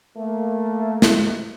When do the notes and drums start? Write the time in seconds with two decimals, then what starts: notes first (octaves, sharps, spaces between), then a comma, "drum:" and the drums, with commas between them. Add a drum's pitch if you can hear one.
0.17 A3 A#3
1.02 drum: snare